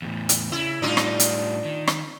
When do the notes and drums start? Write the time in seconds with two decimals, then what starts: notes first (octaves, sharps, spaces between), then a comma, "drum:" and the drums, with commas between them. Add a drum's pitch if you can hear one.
0.02 E2 A2
0.29 drum: hi-hat
0.52 C#3 E4
0.82 A2 G3 D4 D#4 F4
0.97 drum: rim click
1.20 drum: hi-hat
1.65 D#3
1.87 drum: rim click